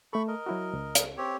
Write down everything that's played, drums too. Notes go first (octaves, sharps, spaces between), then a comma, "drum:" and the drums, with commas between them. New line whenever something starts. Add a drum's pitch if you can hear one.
A3 A4 B5 C#6
A#4 D#5
F#3 E4 F#4
C#2
drum: hi-hat
C4 G4 C#5